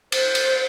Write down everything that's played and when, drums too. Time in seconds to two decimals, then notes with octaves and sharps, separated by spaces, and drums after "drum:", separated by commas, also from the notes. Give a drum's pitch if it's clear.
0.12 C5, drum: cymbal
0.35 drum: cymbal